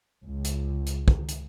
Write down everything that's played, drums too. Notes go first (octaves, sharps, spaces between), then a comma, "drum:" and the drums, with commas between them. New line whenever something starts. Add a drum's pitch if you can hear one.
C#2
drum: hi-hat
drum: hi-hat
drum: kick
drum: hi-hat